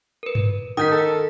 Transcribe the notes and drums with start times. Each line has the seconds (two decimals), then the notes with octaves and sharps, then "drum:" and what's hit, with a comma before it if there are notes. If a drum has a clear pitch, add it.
0.23 A#4 B4
0.35 drum: tom G2
0.77 D#3 D#6 G6 B6
0.91 A4